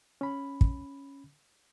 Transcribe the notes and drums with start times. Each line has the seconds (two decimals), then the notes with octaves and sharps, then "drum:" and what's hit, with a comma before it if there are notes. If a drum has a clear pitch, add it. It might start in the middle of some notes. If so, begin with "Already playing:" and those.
0.21 C#4 B5
0.61 drum: kick